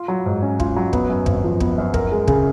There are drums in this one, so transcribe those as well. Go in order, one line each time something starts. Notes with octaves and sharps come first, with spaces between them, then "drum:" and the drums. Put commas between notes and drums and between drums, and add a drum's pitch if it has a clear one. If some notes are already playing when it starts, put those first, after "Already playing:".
Already playing: F4
F#3
G#2
C#4
F4, drum: kick
F#3
B3, drum: kick
F#2
G#1, drum: kick
F3
B3, drum: kick
F#2
A#4, drum: kick
G#3
C#3, drum: kick